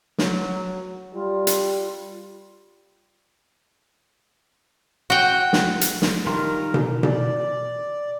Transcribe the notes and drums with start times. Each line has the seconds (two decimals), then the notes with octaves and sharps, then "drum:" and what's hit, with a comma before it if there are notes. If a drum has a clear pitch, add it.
0.18 F#3, drum: snare
1.14 G3 F4
1.47 drum: hi-hat
5.10 F#4 G5
5.53 drum: snare
5.81 drum: hi-hat
6.02 drum: snare
6.26 D#3 G3 F4 A#4
6.74 drum: tom B2
7.03 D5, drum: tom B2